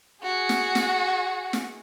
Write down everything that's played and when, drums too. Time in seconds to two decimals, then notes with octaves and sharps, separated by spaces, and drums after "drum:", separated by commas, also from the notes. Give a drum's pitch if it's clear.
0.23 F#4 G#4
0.49 drum: snare
0.75 drum: snare
1.53 drum: snare